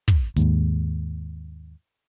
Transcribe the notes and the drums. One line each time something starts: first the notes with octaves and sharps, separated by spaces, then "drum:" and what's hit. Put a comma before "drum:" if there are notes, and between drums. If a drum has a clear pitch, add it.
drum: kick
D#2 G#2, drum: hi-hat